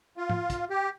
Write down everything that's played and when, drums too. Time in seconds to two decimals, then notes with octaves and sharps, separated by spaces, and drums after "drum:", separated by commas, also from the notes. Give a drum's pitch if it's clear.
0.17 F4
0.30 drum: tom G#2
0.50 drum: kick, hi-hat
0.70 G4